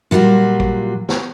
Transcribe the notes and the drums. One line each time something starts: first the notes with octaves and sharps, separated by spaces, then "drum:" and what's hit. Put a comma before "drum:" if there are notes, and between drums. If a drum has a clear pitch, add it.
A#2 F#3 G3 F4 F#4
drum: kick
drum: snare